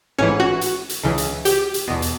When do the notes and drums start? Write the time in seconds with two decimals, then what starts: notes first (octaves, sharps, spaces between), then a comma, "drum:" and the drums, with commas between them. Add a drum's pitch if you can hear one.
0.19 A1 G#2 E3 C#4
0.40 F#4
0.61 drum: hi-hat
0.89 drum: hi-hat
1.03 C#2 C#3 E3
1.18 drum: hi-hat
1.45 G4, drum: hi-hat
1.74 drum: hi-hat
1.88 E2 B2
2.02 drum: hi-hat